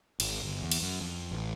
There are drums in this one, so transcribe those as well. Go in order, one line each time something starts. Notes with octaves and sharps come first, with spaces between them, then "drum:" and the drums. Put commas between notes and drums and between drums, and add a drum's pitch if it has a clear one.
G#1, drum: cymbal
G1
E2
drum: cymbal
F#2
F2
A1